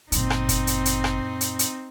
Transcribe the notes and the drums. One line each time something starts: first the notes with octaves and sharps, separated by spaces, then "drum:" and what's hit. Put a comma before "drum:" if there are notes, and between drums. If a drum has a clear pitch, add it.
G1 F#2 A#2 C4 D#4, drum: hi-hat
drum: rim click
drum: kick, hi-hat
drum: hi-hat
drum: hi-hat
drum: rim click
drum: hi-hat
drum: hi-hat